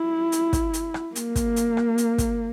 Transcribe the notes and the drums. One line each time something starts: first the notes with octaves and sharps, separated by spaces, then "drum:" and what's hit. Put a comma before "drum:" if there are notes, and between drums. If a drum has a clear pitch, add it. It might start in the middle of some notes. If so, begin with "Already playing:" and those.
Already playing: E4
drum: hi-hat
drum: kick, hi-hat
drum: hi-hat
drum: rim click
A#3, drum: hi-hat
drum: kick, hi-hat
drum: hi-hat
drum: rim click
drum: hi-hat
drum: kick, hi-hat